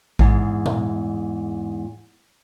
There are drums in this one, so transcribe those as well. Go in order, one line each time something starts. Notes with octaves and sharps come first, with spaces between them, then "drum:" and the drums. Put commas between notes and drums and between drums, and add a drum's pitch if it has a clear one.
E2 G#2, drum: kick A1
drum: tom A#2